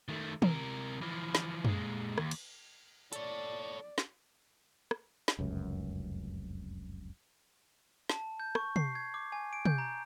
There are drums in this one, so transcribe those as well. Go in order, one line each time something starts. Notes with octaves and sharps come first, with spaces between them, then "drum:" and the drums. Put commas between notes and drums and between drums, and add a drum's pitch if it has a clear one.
D#3 A3
C3 A#4, drum: tom
E3 F3
drum: snare
A#2 G#3, drum: tom
D#2, drum: rim click
drum: cymbal
A4 C#5 D5, drum: hi-hat
drum: snare
drum: rim click
drum: snare
F1 C#2 F#2
A5, drum: snare
G6
C#6, drum: rim click
C7, drum: tom
G#6
D6
G#5
D7
G6, drum: tom
A#5